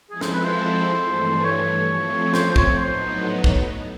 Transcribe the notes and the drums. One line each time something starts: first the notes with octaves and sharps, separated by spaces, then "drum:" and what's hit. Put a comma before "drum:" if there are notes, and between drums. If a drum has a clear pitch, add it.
F3 G#3 C4 E4 G#4 A4
C5, drum: snare
B4
C5
G2 E3 A3
C#5
F3 A3 C4
C5, drum: snare
C5
C#5, drum: kick
A2 F#3 B3 D#4 C5
drum: kick